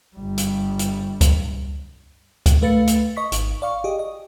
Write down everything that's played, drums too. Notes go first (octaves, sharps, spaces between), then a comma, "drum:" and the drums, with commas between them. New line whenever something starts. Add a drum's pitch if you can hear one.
G1 G3
drum: hi-hat
drum: hi-hat
drum: kick C#2, hi-hat
drum: kick C#2, hi-hat
A3 B4 F5 A6 C#7
drum: hi-hat
D#5 C#6 B6
G#1, drum: hi-hat
D5 F5 C#6
G4 G#4 D#5
D#5